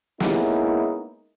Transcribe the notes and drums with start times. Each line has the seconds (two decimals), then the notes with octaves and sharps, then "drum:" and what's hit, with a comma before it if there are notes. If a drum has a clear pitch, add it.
0.20 G#3 A#3 B3 C#4 D#4 E4, drum: snare